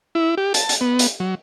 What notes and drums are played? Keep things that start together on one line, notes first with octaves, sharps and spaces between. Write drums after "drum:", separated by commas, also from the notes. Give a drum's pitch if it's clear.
E4
G4
A5, drum: hi-hat
drum: hi-hat
B3
drum: hi-hat
F#3